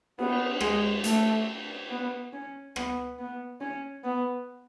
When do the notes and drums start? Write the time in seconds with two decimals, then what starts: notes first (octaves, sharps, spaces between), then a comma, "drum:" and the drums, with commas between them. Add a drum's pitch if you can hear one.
0.19 B3, drum: cymbal
0.60 G#3, drum: rim click
1.04 A3, drum: hi-hat
1.89 B3
2.33 C#4
2.76 B3, drum: rim click
3.18 B3
3.61 C#4
4.04 B3